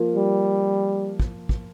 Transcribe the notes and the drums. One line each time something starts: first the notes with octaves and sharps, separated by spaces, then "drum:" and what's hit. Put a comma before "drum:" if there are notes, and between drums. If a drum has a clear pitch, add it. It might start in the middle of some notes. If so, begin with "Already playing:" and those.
Already playing: F3 A#3 F4 A#4
G3
drum: kick
drum: kick